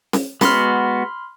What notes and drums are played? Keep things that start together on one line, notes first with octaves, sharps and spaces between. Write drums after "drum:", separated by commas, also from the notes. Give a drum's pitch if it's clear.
drum: snare C#4
G#3 B3 F#4 B5 C6 F6, drum: snare C#4